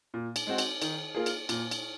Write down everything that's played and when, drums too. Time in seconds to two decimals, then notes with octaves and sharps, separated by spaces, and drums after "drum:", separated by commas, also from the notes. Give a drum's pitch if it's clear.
0.14 A#2
0.36 drum: cymbal
0.47 G#3 C4 F#4
0.58 drum: cymbal
0.82 D#3, drum: cymbal
1.15 A#3 F4 G#4
1.26 drum: cymbal
1.49 A#2, drum: cymbal
1.71 drum: cymbal